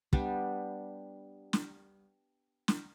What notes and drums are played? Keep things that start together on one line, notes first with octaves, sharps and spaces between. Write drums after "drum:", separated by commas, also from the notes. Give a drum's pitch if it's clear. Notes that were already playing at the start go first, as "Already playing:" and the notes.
G3 B3 D4, drum: kick
drum: snare
drum: snare